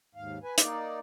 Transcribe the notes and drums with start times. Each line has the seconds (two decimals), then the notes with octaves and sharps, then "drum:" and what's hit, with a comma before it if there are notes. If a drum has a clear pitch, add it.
0.15 D#2 G#2 F5
0.43 B4 G#5
0.58 A#3 D#4 D5, drum: hi-hat